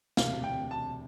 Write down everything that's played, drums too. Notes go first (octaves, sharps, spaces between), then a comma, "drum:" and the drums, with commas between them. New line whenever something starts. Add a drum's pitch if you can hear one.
E1 D2 C3 F5, drum: snare
G5
A5